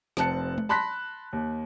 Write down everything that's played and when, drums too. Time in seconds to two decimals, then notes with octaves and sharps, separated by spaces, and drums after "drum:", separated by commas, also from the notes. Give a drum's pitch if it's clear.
0.17 F1 C4 A5 F#6 C#7, drum: snare
0.58 drum: tom G#3
0.69 A5 B5 C6 F#6 A#6 B6
1.33 D#2